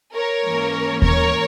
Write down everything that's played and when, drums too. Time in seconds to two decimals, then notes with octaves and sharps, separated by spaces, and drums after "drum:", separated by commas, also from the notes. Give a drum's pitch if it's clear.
0.14 A#4 C#5
0.43 G#2 E3 A#3 C#4
1.02 A#4 C#5, drum: kick D#2